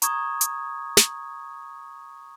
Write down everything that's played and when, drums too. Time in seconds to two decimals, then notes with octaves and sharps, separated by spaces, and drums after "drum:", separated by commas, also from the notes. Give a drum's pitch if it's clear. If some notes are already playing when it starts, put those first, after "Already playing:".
0.02 A#5 C#6 D#6 G#6, drum: hi-hat
0.41 drum: hi-hat
0.97 drum: snare